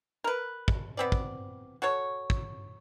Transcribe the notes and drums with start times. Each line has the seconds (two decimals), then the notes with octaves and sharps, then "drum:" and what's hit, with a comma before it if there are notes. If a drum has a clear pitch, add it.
0.24 A#4 B4
0.68 drum: kick
0.97 B3 C4 D5
1.12 drum: kick
1.82 F#4 A4 C#5
2.30 drum: kick